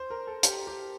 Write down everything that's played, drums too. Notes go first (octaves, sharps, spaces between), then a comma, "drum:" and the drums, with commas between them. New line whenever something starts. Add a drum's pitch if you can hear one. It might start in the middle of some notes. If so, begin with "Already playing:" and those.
Already playing: C5
A#4
A4
G4, drum: hi-hat
G4